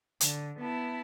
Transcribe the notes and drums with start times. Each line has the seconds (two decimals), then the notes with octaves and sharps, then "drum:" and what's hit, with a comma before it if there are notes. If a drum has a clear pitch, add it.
0.20 D3, drum: hi-hat
0.58 B3 E4 A5